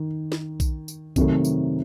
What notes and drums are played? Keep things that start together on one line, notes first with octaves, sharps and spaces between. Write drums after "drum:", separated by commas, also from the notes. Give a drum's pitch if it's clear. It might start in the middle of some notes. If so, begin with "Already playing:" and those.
Already playing: D#3
drum: snare
drum: kick B1, tambourine
drum: tambourine
C3 D#3 F#3 A3, drum: kick B1, tambourine
drum: tambourine